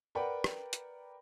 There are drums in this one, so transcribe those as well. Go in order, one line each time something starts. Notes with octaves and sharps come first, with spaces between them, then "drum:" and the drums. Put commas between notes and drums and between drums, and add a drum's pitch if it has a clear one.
A#4 B4 D5 F#5 G5 B5
drum: rim click
drum: hi-hat